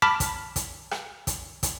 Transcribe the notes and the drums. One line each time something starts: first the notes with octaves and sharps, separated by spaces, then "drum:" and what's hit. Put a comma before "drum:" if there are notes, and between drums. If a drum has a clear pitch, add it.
A5 B5 D6 F6 B6
drum: kick, hi-hat
drum: kick, hi-hat
drum: rim click
drum: kick, hi-hat
drum: kick, hi-hat